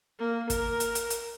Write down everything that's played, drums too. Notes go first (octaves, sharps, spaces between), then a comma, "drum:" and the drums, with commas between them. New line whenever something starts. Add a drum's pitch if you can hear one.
A#3
A#4, drum: kick, hi-hat
drum: hi-hat
drum: hi-hat
drum: hi-hat